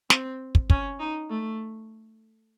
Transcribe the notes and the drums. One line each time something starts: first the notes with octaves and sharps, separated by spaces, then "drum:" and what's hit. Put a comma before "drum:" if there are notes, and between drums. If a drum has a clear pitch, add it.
C4, drum: snare
drum: kick
C#4, drum: kick
D#4
A3